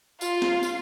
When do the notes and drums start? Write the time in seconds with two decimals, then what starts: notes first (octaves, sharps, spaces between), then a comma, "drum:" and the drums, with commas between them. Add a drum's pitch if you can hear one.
0.21 F4, drum: tambourine
0.42 drum: snare
0.63 drum: tambourine